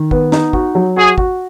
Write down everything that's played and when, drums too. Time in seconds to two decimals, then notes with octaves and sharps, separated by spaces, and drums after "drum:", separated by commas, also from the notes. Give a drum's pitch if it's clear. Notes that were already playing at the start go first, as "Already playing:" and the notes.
Already playing: D#3
0.11 B3, drum: kick
0.32 D#4, drum: snare
0.53 F#4, drum: kick
0.75 F#3
0.97 F#4 G#4
1.18 F#4, drum: kick